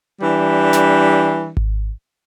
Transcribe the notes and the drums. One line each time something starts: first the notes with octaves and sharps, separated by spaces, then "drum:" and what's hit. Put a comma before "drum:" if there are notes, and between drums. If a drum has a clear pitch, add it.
E3 G3 D4
drum: snare
drum: kick G#1